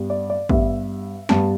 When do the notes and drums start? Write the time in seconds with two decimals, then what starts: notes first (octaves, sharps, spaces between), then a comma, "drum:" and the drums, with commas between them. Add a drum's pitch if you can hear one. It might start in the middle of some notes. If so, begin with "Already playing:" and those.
Already playing: G2 G3 B3
0.10 D5
0.30 D5
0.49 G2 G3 B3 E5, drum: kick
1.29 G2 G3 B3 A5, drum: snare